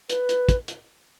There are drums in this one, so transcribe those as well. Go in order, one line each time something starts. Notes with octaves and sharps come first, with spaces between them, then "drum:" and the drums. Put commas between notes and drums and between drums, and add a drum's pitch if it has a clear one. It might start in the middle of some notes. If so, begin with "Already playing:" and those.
B4, drum: hi-hat
drum: hi-hat
drum: kick, hi-hat
drum: hi-hat